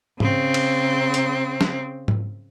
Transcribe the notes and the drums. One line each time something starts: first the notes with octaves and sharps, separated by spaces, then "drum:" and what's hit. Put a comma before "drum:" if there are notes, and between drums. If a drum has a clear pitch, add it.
C#3 C4, drum: tom G#2
drum: cymbal
drum: hi-hat
drum: snare
drum: tom G#2